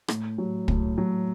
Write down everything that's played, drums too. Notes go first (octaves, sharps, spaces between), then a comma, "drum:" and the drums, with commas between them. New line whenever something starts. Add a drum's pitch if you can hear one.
A2, drum: rim click
F#3
A2, drum: kick
F#3